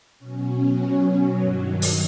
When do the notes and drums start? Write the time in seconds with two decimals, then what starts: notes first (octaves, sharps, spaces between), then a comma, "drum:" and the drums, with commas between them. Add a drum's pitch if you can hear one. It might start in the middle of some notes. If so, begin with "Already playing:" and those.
0.19 B2 F#3 C#4
1.37 G2 D#3 F#3
1.82 drum: open hi-hat